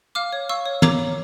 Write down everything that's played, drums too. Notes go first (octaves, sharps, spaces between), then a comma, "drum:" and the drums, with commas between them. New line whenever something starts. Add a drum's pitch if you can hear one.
F5 D6 F6
C#5
F5 C#6 E6
C#5
C#5 A#5 D6, drum: tom
C#5